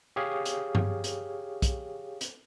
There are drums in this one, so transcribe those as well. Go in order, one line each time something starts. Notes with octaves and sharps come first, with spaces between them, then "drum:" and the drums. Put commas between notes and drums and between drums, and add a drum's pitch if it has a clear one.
G4 G#4 C#5 F5
drum: hi-hat
drum: tom G2
drum: hi-hat
drum: kick B1, hi-hat
drum: hi-hat